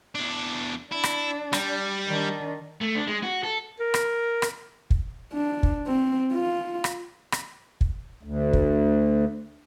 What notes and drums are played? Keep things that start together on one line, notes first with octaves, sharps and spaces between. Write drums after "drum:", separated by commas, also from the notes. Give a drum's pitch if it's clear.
E2 D4
D4 E4
drum: rim click
G3, drum: rim click
D#3 D4
A3
D4
G#3
F#4
A4
A#4
drum: rim click
drum: rim click
drum: kick
D4
drum: kick
C4
F4
drum: rim click
drum: rim click
drum: kick
D2
drum: kick